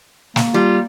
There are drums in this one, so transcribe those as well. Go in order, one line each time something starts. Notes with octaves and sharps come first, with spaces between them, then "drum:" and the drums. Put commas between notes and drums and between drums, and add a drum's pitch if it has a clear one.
A#3, drum: snare
G3 F4